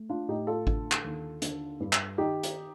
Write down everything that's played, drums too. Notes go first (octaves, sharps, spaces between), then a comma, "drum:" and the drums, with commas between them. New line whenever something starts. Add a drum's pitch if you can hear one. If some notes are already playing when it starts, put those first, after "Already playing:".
Already playing: A3
D4 F4
A2 D#4 G4
F4 A4
D3, drum: kick G#1
drum: clap
D#2
D3, drum: hi-hat
G2
drum: clap
D#3 D#4 G4
drum: hi-hat